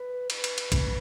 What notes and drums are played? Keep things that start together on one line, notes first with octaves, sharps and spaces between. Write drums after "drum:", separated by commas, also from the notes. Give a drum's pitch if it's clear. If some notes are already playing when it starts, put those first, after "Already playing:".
Already playing: B4
B4, drum: cymbal
drum: cymbal
drum: cymbal
A2 C#3, drum: kick, cymbal